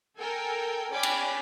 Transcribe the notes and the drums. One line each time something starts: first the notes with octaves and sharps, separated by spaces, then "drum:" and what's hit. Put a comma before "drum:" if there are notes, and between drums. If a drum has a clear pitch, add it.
A4 A#4 G5 G#5
C#4 D5 G5 G#5 B5 D6
drum: cymbal